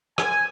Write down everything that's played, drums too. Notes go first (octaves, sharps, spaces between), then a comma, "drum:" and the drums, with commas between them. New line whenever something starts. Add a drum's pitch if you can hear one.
G#5, drum: rim click